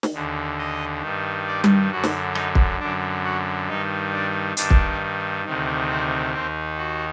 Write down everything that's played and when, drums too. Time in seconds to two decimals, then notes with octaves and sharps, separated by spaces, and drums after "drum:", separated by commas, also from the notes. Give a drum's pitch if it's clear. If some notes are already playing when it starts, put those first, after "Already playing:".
0.03 drum: snare
0.13 D#2 D3
0.59 D#5
1.02 G2 D#3
1.47 D5
1.64 drum: tom G3
1.91 F#2 D3 F#4
2.04 drum: snare
2.35 D#4, drum: rim click
2.55 drum: kick
2.80 F#2 D3 D4
3.24 F#4
3.68 G2 D#3 D#4
4.13 D4
4.57 G2 D#3 D4, drum: hi-hat
4.70 drum: kick
5.45 D2 C3 D#3
5.89 C4
6.33 D#2 D#3 C4
6.78 F#4